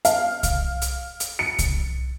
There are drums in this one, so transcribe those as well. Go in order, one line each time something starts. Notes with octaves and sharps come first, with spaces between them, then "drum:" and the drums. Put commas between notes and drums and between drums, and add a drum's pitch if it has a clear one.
F5, drum: hi-hat
drum: kick C2, hi-hat
drum: hi-hat
drum: hi-hat
C#7
drum: kick C2, hi-hat